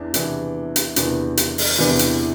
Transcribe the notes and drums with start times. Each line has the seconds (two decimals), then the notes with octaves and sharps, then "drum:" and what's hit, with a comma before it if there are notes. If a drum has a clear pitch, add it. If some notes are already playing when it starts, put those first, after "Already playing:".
Already playing: E2 E3 D4
0.14 E2 C3 E3 B3 D4, drum: hi-hat
0.76 drum: hi-hat
0.96 E2 C3 E3 B3 D4, drum: hi-hat
1.37 drum: hi-hat
1.58 drum: open hi-hat
1.78 E2 C3 E3 B3 D4
1.99 drum: hi-hat